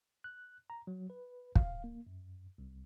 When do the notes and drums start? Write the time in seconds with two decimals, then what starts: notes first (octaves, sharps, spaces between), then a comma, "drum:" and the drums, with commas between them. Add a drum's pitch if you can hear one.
0.24 F#6
0.70 A#5
0.87 F#3
1.10 B4
1.55 F5, drum: kick
1.84 A#3
2.06 F#2
2.58 C2